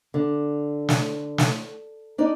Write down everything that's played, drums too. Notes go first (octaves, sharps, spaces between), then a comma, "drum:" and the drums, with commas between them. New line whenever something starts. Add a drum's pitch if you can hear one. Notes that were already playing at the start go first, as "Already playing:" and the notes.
D3
drum: snare
drum: snare
D4 D#4 D5